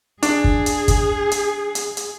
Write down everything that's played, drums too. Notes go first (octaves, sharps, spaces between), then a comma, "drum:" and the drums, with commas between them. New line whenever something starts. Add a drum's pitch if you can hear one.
D4 G#4, drum: hi-hat
drum: kick
drum: hi-hat
drum: kick, hi-hat
drum: hi-hat
drum: hi-hat
drum: hi-hat